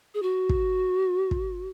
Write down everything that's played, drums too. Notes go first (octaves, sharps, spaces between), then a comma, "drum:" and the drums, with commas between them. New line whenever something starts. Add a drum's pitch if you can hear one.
G#4
F#4
drum: kick
drum: kick